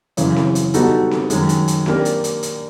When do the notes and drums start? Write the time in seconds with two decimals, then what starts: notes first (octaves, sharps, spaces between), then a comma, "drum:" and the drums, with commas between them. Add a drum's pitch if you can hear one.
0.17 F#2 C#3 E3, drum: hi-hat
0.36 drum: snare C4
0.55 drum: hi-hat
0.74 G3 B3 D#4 F#4 A4, drum: hi-hat
1.11 drum: snare C4
1.30 F#2 D#3 G#3, drum: hi-hat
1.49 drum: hi-hat
1.68 drum: hi-hat
1.86 A#3 D4 G4 A#4, drum: snare C4
2.05 drum: hi-hat
2.24 drum: hi-hat
2.43 drum: hi-hat